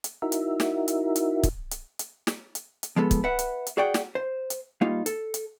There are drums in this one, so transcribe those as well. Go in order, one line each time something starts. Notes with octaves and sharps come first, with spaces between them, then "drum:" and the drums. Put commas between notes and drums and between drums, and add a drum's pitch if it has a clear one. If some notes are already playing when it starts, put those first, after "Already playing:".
drum: hi-hat
D#4 E4 F#4 A#4 E5
drum: hi-hat
drum: snare
drum: hi-hat
drum: hi-hat
drum: kick, hi-hat
drum: hi-hat
drum: hi-hat
drum: snare
drum: hi-hat
drum: hi-hat
F3 G#3 B3 A4
drum: kick, hi-hat
B4 E5 F#5
drum: hi-hat
drum: hi-hat
F#4 G#4 D5 F#5 G5
drum: snare
C5
drum: hi-hat
G3 A#3 D#4 F4
A4, drum: hi-hat
drum: hi-hat